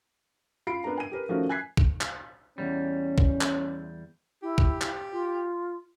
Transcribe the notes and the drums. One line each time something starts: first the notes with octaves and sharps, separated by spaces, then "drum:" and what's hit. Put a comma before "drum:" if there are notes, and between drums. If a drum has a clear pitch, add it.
F4 F5 B5 C7 D7
B3 D4 A#4 A#5
G#5 D#7
G4 A#4 B4
D#3 F3 A3 C#4 F#4 A#4
G#5 F#6 G#6 B6 C7
drum: kick
drum: clap
E2 G#2 G3 C#4
drum: kick
drum: clap
E4 G4
drum: kick
drum: clap
F4